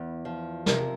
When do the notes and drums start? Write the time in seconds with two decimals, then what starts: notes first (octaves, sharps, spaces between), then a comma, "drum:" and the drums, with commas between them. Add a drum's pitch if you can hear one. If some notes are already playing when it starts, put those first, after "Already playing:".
Already playing: E2
0.25 F3
0.66 C3 A#4, drum: snare